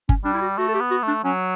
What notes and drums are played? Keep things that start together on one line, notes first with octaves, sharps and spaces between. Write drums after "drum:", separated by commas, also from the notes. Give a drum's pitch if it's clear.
C#4, drum: kick G1
G3 D4
E4
F#4
A3 F#4
A4
G4
B3
F#4
A3
D4
F#3 C#4